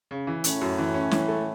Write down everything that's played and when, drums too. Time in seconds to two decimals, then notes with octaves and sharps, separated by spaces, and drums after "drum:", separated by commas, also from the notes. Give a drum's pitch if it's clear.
0.11 C#3
0.27 E3
0.44 A2 C#4, drum: hi-hat
0.62 F#2
0.78 E3
0.94 C#4
1.11 E3, drum: snare
1.28 A3